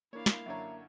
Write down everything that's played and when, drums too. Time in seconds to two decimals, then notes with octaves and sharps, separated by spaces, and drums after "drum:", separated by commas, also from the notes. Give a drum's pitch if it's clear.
0.13 A#3 D4 E4 A#4 C#5 F5
0.26 drum: snare
0.46 F#2 D3 C#5 E5 A#5